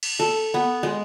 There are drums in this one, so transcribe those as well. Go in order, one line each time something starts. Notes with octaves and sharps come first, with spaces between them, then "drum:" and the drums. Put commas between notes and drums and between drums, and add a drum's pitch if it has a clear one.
drum: cymbal
A4
B3
G#3